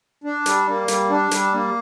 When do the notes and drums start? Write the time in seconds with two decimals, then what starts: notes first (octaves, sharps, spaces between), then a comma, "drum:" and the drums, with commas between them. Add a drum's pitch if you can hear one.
0.24 D4
0.46 G3, drum: hi-hat
0.68 A#3
0.88 G3, drum: hi-hat
1.10 D4
1.31 G3, drum: hi-hat
1.53 A#3